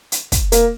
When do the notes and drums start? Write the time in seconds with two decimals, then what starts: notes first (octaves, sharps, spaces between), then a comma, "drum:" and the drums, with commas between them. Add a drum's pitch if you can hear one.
0.12 drum: hi-hat
0.32 drum: kick, hi-hat
0.52 A#3, drum: hi-hat